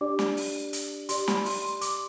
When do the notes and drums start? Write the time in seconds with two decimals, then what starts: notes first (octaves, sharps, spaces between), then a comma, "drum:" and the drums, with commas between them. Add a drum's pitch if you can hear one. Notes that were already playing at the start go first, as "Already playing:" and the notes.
0.01 D4 G4 D5 D6
0.19 drum: snare
0.37 drum: open hi-hat
0.73 drum: hi-hat
1.09 G4 D5 C6, drum: hi-hat
1.28 B5, drum: snare
1.45 C6, drum: open hi-hat
1.63 C6
1.81 D6, drum: hi-hat